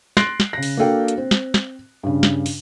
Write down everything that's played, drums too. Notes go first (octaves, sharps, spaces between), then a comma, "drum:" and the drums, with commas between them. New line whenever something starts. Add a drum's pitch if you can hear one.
C6 F#6 A6 A#6 C7 D7, drum: snare
drum: snare
C#3 A#6
drum: open hi-hat
A#3 D4 F#4 A4 F5 G5
drum: hi-hat
C4
drum: snare
drum: snare
G2 C#3
drum: snare
drum: open hi-hat